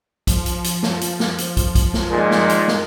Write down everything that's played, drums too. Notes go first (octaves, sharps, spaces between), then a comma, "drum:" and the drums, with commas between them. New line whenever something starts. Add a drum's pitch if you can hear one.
F3, drum: kick, hi-hat
drum: hi-hat
drum: hi-hat
drum: snare
drum: hi-hat
drum: snare
drum: hi-hat
drum: kick, hi-hat
drum: kick, hi-hat
drum: snare
A#2 D#3 G#3
drum: snare
drum: hi-hat
drum: snare